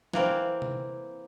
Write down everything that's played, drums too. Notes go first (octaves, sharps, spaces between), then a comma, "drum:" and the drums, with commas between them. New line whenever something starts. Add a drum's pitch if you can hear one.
E3 A#3 C4, drum: snare
drum: tom C3